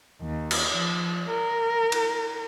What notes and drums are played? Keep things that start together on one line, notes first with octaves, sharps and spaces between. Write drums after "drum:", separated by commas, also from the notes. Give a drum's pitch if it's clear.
D#2
drum: cymbal
F3
A#4
drum: cymbal